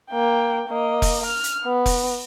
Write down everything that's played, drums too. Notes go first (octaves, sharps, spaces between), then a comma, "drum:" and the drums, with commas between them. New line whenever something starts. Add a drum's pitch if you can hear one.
A#3 G5
A#3 D#5
drum: kick F1, open hi-hat
F6
drum: hi-hat
B3
drum: kick F1, open hi-hat